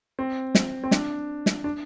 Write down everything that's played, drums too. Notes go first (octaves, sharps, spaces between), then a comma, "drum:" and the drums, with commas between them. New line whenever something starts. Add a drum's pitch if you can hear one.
C4
drum: snare
C4
D4, drum: snare
drum: snare
D4